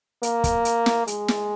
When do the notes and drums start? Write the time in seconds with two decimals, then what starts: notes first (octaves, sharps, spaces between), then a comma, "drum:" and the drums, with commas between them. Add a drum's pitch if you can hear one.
0.23 A#3, drum: hi-hat
0.44 drum: kick, hi-hat
0.65 drum: hi-hat
0.86 drum: snare
1.07 G#3, drum: hi-hat
1.28 drum: snare